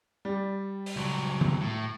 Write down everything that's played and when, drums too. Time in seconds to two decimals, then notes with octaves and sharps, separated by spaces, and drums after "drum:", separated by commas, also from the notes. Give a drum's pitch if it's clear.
0.25 G3
0.86 drum: open hi-hat
0.96 C#2 F#3
1.41 drum: tom
1.61 A2